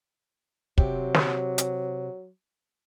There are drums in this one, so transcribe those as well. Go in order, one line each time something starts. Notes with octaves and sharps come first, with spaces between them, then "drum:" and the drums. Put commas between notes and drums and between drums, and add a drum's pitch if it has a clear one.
C3 F#3 C4 G4, drum: kick
drum: snare
drum: hi-hat